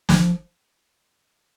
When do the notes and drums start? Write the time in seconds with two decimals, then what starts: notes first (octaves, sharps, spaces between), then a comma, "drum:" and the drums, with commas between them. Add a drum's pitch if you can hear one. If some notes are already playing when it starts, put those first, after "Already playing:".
0.09 F#3, drum: snare
0.12 F3